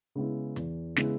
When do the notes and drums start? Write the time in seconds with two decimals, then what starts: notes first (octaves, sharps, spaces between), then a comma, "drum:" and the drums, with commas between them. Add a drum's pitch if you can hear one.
0.15 C#3 G#3 B3 E4
0.56 E2, drum: hi-hat
0.96 C#3 G#3 B3 E4, drum: snare